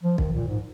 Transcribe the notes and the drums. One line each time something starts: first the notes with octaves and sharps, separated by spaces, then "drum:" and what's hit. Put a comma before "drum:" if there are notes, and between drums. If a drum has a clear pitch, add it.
F3
D#3, drum: kick
A#2
G#2